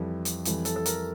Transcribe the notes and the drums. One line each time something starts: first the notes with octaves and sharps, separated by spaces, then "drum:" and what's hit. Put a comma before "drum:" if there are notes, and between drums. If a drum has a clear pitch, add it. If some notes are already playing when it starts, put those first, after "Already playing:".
Already playing: F2 E3 G3
drum: hi-hat
F2 E3 G3, drum: hi-hat
A4, drum: hi-hat
A4
A#4, drum: hi-hat